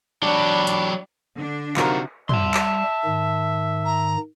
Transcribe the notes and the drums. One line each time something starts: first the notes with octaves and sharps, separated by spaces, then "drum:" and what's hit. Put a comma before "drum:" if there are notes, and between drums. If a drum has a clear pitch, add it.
F#3 D4 G4 B5
drum: hi-hat
D3 D4
F#2 C3 D#3 F3 F4 F#4 A#4, drum: clap
G3 E5 A5 C6, drum: tom
drum: clap
G#2 D#3
A#5